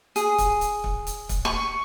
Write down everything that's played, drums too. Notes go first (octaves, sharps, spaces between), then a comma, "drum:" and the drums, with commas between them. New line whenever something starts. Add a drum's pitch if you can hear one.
G#4, drum: hi-hat
drum: kick C#1, hi-hat
drum: hi-hat
drum: kick C#1
drum: hi-hat
drum: kick C#1, hi-hat
C#6